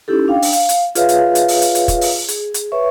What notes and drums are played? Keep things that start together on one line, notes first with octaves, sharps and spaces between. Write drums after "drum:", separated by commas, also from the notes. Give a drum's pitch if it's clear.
C#4 D#4 E4 G4 A4
D4 F5 G5
drum: open hi-hat
F5, drum: hi-hat
drum: hi-hat
F4 G#4 B4 C#5 E5 F5, drum: hi-hat
drum: hi-hat
drum: hi-hat
drum: open hi-hat
drum: hi-hat
drum: hi-hat
drum: kick, hi-hat
drum: open hi-hat
G#4, drum: hi-hat
drum: hi-hat
B4 C#5 E5 C#6